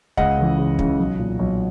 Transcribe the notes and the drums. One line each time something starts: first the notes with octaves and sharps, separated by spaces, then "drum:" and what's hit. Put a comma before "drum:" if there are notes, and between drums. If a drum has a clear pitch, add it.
C#2 D#5 F#5, drum: kick
C#3 E3
C#2
C#3 E3, drum: kick
B1
A#2
B1